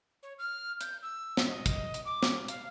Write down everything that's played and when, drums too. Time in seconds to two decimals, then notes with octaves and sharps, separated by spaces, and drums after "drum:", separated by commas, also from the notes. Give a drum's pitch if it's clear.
0.23 C#5
0.39 F6
0.81 G6, drum: hi-hat
1.02 E6
1.37 drum: snare
1.48 D#5
1.66 drum: kick, hi-hat
1.94 drum: hi-hat
2.05 D6
2.23 drum: snare
2.48 F5, drum: hi-hat